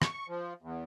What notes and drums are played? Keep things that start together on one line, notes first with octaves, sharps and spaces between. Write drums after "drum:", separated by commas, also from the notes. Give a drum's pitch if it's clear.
C#6, drum: rim click
F3
E2